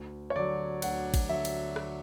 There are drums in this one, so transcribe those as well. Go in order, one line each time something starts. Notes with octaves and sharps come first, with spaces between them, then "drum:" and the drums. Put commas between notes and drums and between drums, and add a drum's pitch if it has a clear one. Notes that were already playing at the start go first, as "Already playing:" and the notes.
Already playing: D2
C#5
D3 F#3 D5
D2 F#5, drum: cymbal
drum: kick, cymbal
D3 F#3 E5
drum: cymbal
drum: rim click